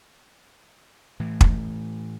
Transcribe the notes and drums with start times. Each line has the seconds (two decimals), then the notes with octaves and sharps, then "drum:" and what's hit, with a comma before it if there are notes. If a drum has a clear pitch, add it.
1.20 A2 E3 A3
1.41 drum: kick